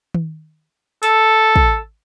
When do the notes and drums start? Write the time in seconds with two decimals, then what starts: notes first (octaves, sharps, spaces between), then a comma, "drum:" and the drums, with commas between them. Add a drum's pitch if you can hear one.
0.14 drum: tom D#3
1.03 A4, drum: hi-hat
1.56 drum: kick